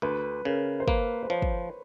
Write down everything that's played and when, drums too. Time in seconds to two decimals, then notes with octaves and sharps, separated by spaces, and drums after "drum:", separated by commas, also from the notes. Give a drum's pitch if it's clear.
0.02 D2 B4
0.45 C#3 A#4
0.80 C5
0.87 A#3 B4, drum: kick
1.23 C5
1.30 F3 C#5
1.42 drum: kick